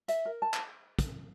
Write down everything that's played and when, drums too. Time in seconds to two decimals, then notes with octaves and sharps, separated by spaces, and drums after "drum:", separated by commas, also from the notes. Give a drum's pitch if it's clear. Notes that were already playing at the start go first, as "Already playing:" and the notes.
0.08 E5, drum: hi-hat
0.25 A#4
0.42 A5
0.54 drum: clap
0.99 drum: kick, hi-hat